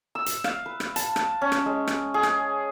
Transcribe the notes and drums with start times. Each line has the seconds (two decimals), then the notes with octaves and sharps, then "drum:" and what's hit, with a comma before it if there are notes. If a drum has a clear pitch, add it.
0.15 E6
0.26 drum: hi-hat
0.44 F5, drum: rim click
0.66 B4
0.80 drum: rim click
0.96 A5, drum: hi-hat
1.16 drum: rim click
1.41 C#4
1.52 drum: rim click
1.66 G#3
1.87 drum: rim click
2.14 G#4
2.23 drum: rim click